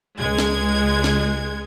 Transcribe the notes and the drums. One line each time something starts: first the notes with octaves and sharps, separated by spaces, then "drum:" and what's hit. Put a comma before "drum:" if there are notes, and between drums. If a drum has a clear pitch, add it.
C#2 G#3 G#6
drum: snare
drum: snare